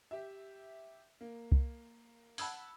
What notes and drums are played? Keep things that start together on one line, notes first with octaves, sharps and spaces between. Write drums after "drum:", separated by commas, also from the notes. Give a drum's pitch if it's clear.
G4 E5
A#3
drum: kick C2
F#5 A5 B5 E6 G#6, drum: open hi-hat